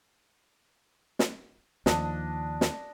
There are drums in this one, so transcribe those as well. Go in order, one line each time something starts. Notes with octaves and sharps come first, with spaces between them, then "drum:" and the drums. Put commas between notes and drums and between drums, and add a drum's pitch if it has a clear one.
drum: snare
D#2 F3 D4 D#5, drum: snare
drum: snare